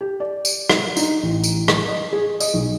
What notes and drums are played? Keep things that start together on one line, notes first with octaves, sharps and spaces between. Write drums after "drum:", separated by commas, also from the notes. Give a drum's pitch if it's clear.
G4
D5
drum: tambourine
drum: rim click
D#4, drum: tambourine
A1
drum: tambourine
drum: rim click
D#5
G#4
D#5, drum: tambourine
B1